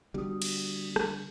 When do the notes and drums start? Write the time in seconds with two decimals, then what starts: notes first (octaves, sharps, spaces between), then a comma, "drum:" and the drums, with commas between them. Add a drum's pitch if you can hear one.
0.14 D3 G3 B3 F#4 D#6
0.42 drum: cymbal
0.96 drum: rim click